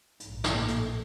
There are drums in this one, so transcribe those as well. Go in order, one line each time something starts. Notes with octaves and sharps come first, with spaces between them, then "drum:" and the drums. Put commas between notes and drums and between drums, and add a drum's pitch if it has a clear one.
A#1 G#2, drum: hi-hat
drum: snare
A2 A#3 A4
drum: hi-hat